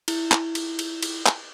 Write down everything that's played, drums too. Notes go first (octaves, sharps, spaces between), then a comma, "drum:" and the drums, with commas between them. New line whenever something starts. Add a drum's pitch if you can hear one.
E4, drum: cymbal
drum: clap
drum: cymbal
drum: cymbal
drum: cymbal
drum: clap